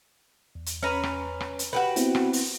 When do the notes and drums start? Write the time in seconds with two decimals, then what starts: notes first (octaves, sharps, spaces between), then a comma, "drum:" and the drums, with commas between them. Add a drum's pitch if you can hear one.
0.55 E2
0.66 drum: hi-hat
0.83 C#4 B4 A#5
1.03 drum: rim click
1.40 drum: rim click
1.59 drum: hi-hat
1.73 F#4 G4 B4
1.96 B3 C4 E4, drum: hi-hat
2.15 drum: rim click
2.33 drum: open hi-hat